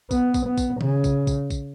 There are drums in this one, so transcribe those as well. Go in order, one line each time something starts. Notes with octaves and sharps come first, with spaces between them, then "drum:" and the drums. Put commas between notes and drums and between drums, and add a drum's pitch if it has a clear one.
B3, drum: kick A#1, tambourine
drum: kick A#1, tambourine
B3
drum: kick A#1, tambourine
C#3, drum: tom D#3
drum: kick A#1, tambourine
drum: kick A#1, tambourine
drum: kick A#1, tambourine